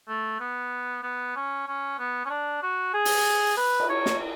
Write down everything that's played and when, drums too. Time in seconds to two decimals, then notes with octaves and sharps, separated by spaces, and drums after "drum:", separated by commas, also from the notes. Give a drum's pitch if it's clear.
0.08 A3
0.40 B3
1.03 B3
1.35 C#4
1.67 C#4
1.99 B3
2.25 C#4
2.30 D4
2.62 F#4
2.93 G#4
3.05 drum: open hi-hat
3.57 B4
3.80 drum: cymbal
3.89 C#5
4.06 drum: snare